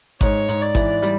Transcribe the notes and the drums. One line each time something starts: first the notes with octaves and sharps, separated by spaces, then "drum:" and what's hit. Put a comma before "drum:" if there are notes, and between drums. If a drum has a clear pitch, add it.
G#2 C#5, drum: kick G#1, hi-hat
G#2, drum: hi-hat
D5
E3, drum: kick G#1, hi-hat
G3, drum: hi-hat